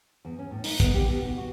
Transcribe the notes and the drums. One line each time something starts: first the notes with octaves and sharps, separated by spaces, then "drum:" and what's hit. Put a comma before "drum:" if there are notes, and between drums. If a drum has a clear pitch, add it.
E2
C#4
A2
D#4, drum: open hi-hat
B3, drum: kick, hi-hat
G4
B2
B2
F#4